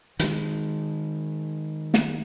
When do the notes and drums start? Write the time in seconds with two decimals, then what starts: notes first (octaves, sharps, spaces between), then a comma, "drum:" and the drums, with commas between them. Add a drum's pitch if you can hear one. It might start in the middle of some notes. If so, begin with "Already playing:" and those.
0.19 D#3 G#3, drum: hi-hat
1.94 drum: snare